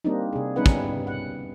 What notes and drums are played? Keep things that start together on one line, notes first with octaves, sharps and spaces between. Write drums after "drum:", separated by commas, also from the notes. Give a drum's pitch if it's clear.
G3 A#3 C4 D4 D#4
C3 G#4
G3 B3 C#4 D#4 B4 F#5
drum: kick
F#5